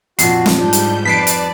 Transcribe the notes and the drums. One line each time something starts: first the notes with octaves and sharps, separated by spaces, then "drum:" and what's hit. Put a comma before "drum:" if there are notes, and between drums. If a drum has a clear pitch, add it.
F2 A#2 F#4 C7, drum: hi-hat
drum: snare
G#2 F3 G3 D4 G6
drum: hi-hat
F2 B4 D5 A5 B6 C7 D7
drum: hi-hat